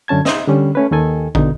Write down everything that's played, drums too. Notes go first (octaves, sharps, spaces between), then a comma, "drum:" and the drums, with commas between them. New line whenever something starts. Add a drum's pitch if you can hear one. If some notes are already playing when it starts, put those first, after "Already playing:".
F#2 D3 C#4 A5 G#6
D#4 C5 D#5 E5, drum: snare
D3 G3 C#4
A3 C#4 B4
D#2 D#3 A4 G#5
B2 D3 D#4, drum: kick